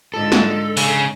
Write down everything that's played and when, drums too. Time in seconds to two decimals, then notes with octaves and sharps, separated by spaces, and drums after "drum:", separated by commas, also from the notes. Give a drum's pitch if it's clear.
0.14 G#2 D3 F4 A4
0.32 drum: snare
0.77 C#3 G#5, drum: open hi-hat